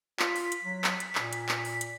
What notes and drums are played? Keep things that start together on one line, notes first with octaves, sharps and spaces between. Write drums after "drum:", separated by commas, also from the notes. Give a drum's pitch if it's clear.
F4 B6, drum: clap
drum: open hi-hat
drum: hi-hat
F#3
drum: clap
drum: hi-hat
A#2, drum: clap
drum: hi-hat
drum: clap
drum: open hi-hat
drum: hi-hat